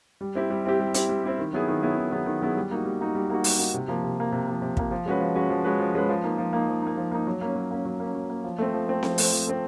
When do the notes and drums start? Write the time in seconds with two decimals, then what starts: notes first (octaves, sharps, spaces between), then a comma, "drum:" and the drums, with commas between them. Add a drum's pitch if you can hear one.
0.21 G3
0.35 C4 E4 G4
0.50 G3
0.65 C4 E4 G4
0.80 G3
0.94 C4 E4 G4, drum: hi-hat
1.09 G3
1.24 C4 E4 G4
1.38 D#3
1.53 F#3 B3 E4 G#4
1.68 D#3
1.83 F#3 B3 E4 G#4
1.97 D#3
2.12 F#3 B3 E4 G#4
2.26 D#3
2.41 F#3 B3 E4 G#4
2.56 G3
2.71 A#3 D#4 F#4
2.85 G3
3.00 A#3 D#4 F#4
3.15 G3
3.30 A#3 D#4 F#4
3.44 G3, drum: open hi-hat
3.59 A#3 D#4 F#4
3.74 C3
3.88 F3 A#3
4.03 C3
4.18 F3 A#3
4.32 C3
4.47 F3 A#3
4.62 C3
4.77 F3 A#3, drum: kick
4.91 F3
5.06 G#3 C#4 F#4 B4
5.21 F3
5.36 G#3 C#4 F#4 B4
5.50 F3
5.64 G#3 C#4 F#4 B4
5.80 F3
5.95 G#3 C#4 F#4 B4
6.09 F3
6.24 A#3 D#4
6.38 F3
6.53 A#3 D#4
6.68 F3
6.82 A#3 D#4
6.97 F3
7.12 A#3 D#4
7.27 F#3
7.41 A#3 C#4
7.56 F#3
7.71 A#3 C#4
7.85 F#3
8.00 A#3 C#4
8.15 F#3
8.30 A#3 C#4
8.44 F3
8.58 A3 C4
8.73 F3
8.88 A3 C4
9.03 F3, drum: snare C4
9.18 A3 C4, drum: open hi-hat
9.33 F3
9.47 A3 C4